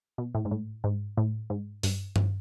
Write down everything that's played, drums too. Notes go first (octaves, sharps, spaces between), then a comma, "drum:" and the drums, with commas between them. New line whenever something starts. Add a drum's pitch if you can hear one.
B2
A2
G#2
A2
G#2
A2
G#2
G2, drum: open hi-hat
drum: tom G2